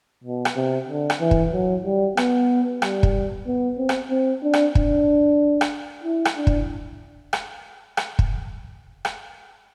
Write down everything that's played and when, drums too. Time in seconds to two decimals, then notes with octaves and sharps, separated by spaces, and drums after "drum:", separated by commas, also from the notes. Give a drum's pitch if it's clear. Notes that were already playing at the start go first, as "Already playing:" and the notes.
0.24 B2
0.45 drum: rim click
0.56 C3
0.88 D3
1.10 drum: rim click
1.20 E3
1.31 drum: kick
1.53 F#3
1.85 G3
2.17 B3, drum: rim click
2.82 G3, drum: rim click
3.03 drum: kick
3.46 B3
3.78 C4
3.89 drum: rim click
4.10 C4
4.43 D4
4.53 drum: rim click
4.75 D4, drum: kick
5.61 drum: rim click
6.04 E4
6.25 drum: rim click
6.36 D4
6.47 drum: kick
7.33 drum: rim click
7.97 drum: rim click
8.19 drum: kick
9.05 drum: rim click